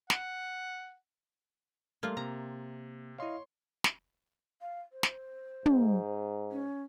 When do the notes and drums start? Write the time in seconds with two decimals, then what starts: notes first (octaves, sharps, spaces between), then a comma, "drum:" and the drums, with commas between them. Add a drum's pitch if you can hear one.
0.10 F#5, drum: snare
2.03 G3 A3 A#3 F4 A4
2.17 C3 A#3 A#5
3.19 E4 C#5 D#5 F5 C6
3.84 drum: snare
4.61 F5
4.92 C5
5.03 drum: snare
5.66 G#2, drum: tom
6.51 C#4